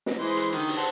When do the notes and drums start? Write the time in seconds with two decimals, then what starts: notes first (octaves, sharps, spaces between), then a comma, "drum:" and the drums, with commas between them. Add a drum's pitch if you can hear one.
0.06 drum: snare
0.18 E3 G#3 C5
0.37 drum: hi-hat
0.52 D3 D#3, drum: hi-hat
0.68 drum: open hi-hat
0.77 C5 F#5 A5